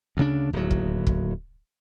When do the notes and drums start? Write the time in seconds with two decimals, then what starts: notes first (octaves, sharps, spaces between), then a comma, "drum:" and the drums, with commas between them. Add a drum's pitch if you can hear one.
0.17 D2 C#3 D4
0.53 D1 D#2 F#3
0.71 drum: kick
1.07 drum: kick